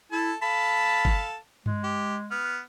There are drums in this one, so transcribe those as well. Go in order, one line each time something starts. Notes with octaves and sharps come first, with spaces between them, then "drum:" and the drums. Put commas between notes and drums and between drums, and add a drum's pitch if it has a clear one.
E4 A4 A5
A4 F5 A5 B5
drum: kick G1
G#3, drum: tom G2
G4
B3 F6